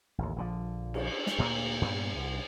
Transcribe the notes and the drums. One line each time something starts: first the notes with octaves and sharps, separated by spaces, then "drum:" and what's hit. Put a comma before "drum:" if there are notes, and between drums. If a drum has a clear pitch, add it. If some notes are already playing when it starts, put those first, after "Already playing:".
A1 D#2
A#1 D3 F3
drum: cymbal
drum: snare
D2 A#2 F#3 A#3
G2 A#2 B3
C2